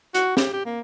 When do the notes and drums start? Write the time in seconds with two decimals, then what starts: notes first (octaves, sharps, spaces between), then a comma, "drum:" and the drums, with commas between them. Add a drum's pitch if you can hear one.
0.15 F#4, drum: hi-hat
0.37 G4, drum: snare
0.53 G4
0.66 A#3